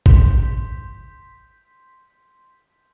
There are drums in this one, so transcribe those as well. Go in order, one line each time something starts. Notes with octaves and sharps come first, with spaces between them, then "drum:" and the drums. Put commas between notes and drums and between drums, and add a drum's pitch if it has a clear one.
C6 G6 B6, drum: kick